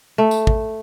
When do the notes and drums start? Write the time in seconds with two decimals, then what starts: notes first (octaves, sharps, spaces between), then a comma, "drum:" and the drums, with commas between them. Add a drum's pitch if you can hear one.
0.18 A3
0.31 drum: tambourine
0.47 drum: kick